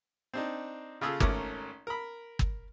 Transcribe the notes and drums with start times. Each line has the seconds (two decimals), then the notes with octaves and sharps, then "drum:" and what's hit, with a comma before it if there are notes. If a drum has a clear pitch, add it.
0.34 C4 D4 D#4
1.01 C#3 F4 G#4 A4 E6
1.20 G#1 A3 C#4 A#4 A#5 D6, drum: kick
1.87 A#4 B5
2.39 drum: kick